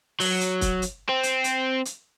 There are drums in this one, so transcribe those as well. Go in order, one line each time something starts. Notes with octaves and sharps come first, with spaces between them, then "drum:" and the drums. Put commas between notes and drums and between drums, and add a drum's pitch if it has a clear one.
F#3, drum: open hi-hat
drum: hi-hat
drum: kick, hi-hat
drum: hi-hat
C4
drum: hi-hat
drum: hi-hat
drum: hi-hat